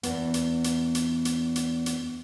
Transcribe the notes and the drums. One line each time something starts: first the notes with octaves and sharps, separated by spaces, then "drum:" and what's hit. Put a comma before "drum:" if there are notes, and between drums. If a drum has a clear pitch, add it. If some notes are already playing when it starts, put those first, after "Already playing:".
E2 B3, drum: hi-hat
drum: hi-hat
drum: hi-hat
drum: hi-hat
drum: hi-hat
drum: hi-hat
drum: hi-hat